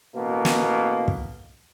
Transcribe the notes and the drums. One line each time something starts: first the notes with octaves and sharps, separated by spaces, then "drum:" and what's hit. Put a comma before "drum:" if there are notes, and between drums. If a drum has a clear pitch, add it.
A1 B2 A#3
drum: snare
drum: kick